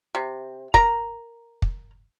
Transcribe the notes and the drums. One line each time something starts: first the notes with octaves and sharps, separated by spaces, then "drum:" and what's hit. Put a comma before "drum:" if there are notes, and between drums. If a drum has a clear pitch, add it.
C3
A#4 A#5, drum: kick
drum: kick